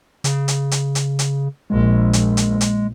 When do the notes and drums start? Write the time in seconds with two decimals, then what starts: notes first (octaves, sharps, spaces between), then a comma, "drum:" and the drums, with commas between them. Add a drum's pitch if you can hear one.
0.24 C#3, drum: hi-hat
0.48 drum: hi-hat
0.71 drum: hi-hat
0.95 drum: hi-hat
1.19 drum: hi-hat
1.70 A#1 G#3
2.13 drum: hi-hat
2.37 drum: hi-hat
2.61 drum: hi-hat